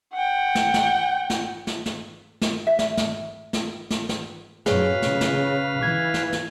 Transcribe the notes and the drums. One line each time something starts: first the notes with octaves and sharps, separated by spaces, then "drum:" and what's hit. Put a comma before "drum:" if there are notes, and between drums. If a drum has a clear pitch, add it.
F#5 G5
drum: snare
drum: snare
drum: snare
drum: snare
drum: snare
drum: snare
E5
drum: snare
drum: snare
drum: snare
drum: snare
drum: snare
F#2 A2 F#3 G#4 B4 C#5 F5, drum: snare
C#3, drum: snare
drum: snare
E3 G#6
drum: snare
drum: snare